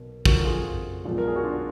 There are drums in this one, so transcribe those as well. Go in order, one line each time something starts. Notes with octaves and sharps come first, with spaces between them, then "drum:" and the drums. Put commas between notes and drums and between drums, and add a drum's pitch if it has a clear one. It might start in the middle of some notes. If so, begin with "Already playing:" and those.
Already playing: B1 B2 A#3
F#1 F2 F3 F#4 A#4, drum: kick
F4 G#4
B1 A#2 F3 G#3
A#4
G#4
F#4
D4 F4